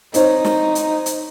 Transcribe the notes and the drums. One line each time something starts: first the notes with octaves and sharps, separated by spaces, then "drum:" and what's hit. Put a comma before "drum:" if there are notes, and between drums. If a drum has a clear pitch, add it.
C4 D#4 C5 C#5, drum: hi-hat
drum: snare
drum: hi-hat
drum: hi-hat